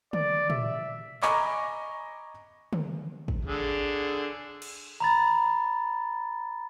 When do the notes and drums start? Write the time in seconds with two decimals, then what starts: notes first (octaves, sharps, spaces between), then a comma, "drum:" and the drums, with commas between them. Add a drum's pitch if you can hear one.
0.13 D5, drum: tom
0.50 E5, drum: tom
1.22 D#5 G#5 A#5 B5 C#6 D6, drum: clap
2.73 drum: tom
3.28 drum: kick
3.45 D3 G#4
4.62 drum: cymbal
5.00 A#5 B5 A6